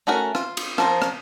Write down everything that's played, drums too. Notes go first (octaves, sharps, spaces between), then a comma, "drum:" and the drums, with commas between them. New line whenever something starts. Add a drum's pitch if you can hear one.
A3 C#4 F#4 A#4
F4, drum: rim click
drum: cymbal
F3 A#4 C5, drum: rim click
drum: rim click